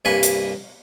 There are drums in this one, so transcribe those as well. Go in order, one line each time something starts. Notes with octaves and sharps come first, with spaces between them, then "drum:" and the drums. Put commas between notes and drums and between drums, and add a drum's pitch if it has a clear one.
C2 G2 A#3 B4 G#5 C#6
drum: hi-hat